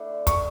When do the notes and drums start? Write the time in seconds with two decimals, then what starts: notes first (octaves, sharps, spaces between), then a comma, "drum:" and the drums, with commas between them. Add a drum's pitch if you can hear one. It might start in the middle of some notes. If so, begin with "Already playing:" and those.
Already playing: A3 D4 E4 A4
0.09 D3
0.27 G#4 C#6, drum: kick, hi-hat